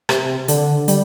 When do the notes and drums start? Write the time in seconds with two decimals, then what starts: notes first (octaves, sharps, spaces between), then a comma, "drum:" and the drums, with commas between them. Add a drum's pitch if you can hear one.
0.09 C3, drum: rim click
0.48 D3, drum: hi-hat
0.88 G3, drum: hi-hat